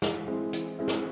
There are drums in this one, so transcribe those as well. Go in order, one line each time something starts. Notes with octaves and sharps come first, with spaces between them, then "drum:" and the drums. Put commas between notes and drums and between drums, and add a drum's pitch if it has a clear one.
E3, drum: snare
G#3 C4 E4
E3, drum: hi-hat
G#3 C4 E4
drum: snare